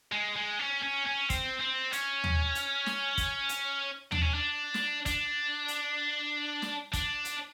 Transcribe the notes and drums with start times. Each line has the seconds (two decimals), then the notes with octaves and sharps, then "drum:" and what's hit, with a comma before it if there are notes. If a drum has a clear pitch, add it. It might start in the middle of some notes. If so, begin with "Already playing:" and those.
0.12 G#3
0.36 G#3
0.59 C#4
0.83 C#4
1.07 C#4
1.30 C4, drum: kick, hi-hat
1.61 C4
1.93 C#4, drum: hi-hat
2.24 drum: tom
2.55 drum: hi-hat
2.86 drum: snare
3.18 drum: kick, hi-hat
3.49 drum: hi-hat
4.12 D4, drum: tom
4.22 C#4
4.34 D4
4.74 drum: snare
5.06 D4, drum: kick, hi-hat
5.68 drum: hi-hat
6.62 drum: snare
6.93 D4, drum: kick, hi-hat
7.25 drum: hi-hat